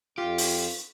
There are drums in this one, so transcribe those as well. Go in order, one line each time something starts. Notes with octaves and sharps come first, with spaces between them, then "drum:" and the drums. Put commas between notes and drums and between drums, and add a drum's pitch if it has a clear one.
F2 F4 G4
drum: open hi-hat